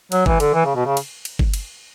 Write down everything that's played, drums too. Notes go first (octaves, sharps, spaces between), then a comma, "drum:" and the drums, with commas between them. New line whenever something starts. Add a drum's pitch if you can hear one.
F#3, drum: cymbal
E3, drum: kick G1
D3, drum: cymbal
E3
C#3
B2
C#3
drum: cymbal
drum: cymbal
drum: kick G1
drum: cymbal